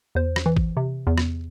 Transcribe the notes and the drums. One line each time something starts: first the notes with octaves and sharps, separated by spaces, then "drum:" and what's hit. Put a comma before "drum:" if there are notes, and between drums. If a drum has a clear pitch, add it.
E2 C5
drum: rim click
E3
drum: kick
C3
E2
drum: rim click